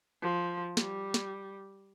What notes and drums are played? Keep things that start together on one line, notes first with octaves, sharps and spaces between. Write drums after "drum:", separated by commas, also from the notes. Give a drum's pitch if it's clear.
F3
G3, drum: snare
drum: snare